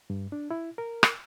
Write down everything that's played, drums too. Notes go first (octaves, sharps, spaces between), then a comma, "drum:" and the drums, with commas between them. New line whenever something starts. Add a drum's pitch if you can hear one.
G2
D4
E4
A#4
drum: rim click